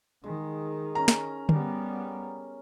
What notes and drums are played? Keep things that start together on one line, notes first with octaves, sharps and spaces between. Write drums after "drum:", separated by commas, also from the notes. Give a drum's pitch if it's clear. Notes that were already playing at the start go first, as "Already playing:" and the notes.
D#3 G#3
C#4 A#4 A#5
drum: snare
G3 B3, drum: tom D3